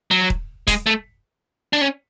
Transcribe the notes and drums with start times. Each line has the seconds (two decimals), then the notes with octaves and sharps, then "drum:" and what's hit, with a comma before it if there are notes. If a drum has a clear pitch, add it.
0.11 F#3
0.30 drum: kick D#1
0.67 G#3, drum: kick D#1, hi-hat
0.86 A3
1.73 D4
1.81 C#4